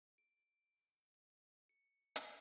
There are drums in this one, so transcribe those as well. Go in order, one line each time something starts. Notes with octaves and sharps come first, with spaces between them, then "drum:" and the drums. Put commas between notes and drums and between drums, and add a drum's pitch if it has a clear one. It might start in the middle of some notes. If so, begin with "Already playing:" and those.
D7
C#7
drum: hi-hat